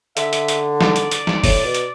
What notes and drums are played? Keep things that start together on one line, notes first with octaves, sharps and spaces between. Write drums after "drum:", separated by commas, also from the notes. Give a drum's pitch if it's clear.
D3 E5, drum: hi-hat
drum: hi-hat
drum: hi-hat
D5, drum: snare
drum: hi-hat
drum: hi-hat
drum: snare
A2, drum: kick F1, open hi-hat
B2
drum: hi-hat